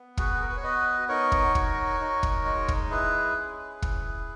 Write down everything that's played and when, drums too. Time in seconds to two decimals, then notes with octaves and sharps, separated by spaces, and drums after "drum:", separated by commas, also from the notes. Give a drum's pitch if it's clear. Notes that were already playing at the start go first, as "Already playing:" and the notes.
Already playing: B3
0.17 F#4 G#4 B4, drum: kick
0.34 G#4
0.41 A#4
0.49 B4
0.57 C#5
0.63 B3 B4 D#5
1.08 D#4 A#4 C#5
1.32 drum: kick
1.55 F#4, drum: kick
2.00 D#4
2.23 drum: kick
2.45 G#3
2.68 drum: kick
2.91 E4 G#4 B4
3.36 C#4
3.82 E4, drum: kick